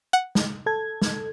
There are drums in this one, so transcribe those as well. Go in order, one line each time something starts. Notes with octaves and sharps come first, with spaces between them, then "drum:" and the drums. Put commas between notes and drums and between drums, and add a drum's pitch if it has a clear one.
F#5
drum: snare
A4 G#6
drum: snare